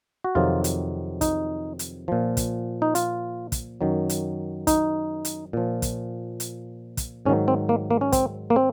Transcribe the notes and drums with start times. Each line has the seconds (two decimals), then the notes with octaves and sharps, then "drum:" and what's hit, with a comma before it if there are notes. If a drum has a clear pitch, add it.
0.24 F#4
0.35 F2 C3 D#3 F#3 F4
0.64 drum: hi-hat
1.21 D#4, drum: kick, hi-hat
1.79 drum: hi-hat
2.08 A#2 F3
2.37 drum: kick, hi-hat
2.82 D#4
2.95 F4, drum: hi-hat
3.52 drum: kick, hi-hat
3.81 F#2 D#3 F#3
4.09 drum: hi-hat
4.67 D#4, drum: kick, hi-hat
5.25 drum: hi-hat
5.53 A#2 F3
5.82 drum: kick, hi-hat
6.40 drum: hi-hat
6.97 drum: kick, hi-hat
7.25 G#2 D#3 F#3 C#4
7.48 C4
7.69 A#3
7.90 A#3
8.01 C#4
8.12 C4, drum: kick, hi-hat
8.50 A#3
8.56 C4